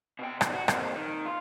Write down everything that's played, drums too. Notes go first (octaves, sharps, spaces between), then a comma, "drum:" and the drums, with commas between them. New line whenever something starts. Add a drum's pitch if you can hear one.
B2 G5
B2 D#3, drum: rim click
F#4
F2 A#3, drum: rim click
D#3
F4